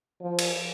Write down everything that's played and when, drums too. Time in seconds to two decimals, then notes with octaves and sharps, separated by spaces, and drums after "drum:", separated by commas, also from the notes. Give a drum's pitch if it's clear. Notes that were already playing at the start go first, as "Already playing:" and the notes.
0.21 F3
0.39 drum: cymbal